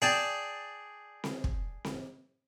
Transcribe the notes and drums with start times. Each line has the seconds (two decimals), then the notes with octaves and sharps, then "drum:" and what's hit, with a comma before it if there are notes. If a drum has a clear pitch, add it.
0.02 G#4 D5 G5 A5
1.24 drum: snare C4
1.44 drum: kick
1.84 drum: snare C4